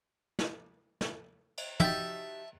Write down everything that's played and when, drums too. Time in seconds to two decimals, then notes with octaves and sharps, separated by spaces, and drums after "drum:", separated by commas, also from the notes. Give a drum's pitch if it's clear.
0.39 drum: snare
1.01 drum: snare
1.57 drum: cymbal
1.80 D#4 F#4 G4 E5 A5, drum: tom